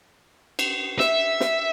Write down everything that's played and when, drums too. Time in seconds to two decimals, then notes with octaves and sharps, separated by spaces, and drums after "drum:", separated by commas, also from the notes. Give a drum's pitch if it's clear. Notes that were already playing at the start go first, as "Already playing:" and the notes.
0.59 drum: cymbal
1.00 E5, drum: snare
1.40 drum: snare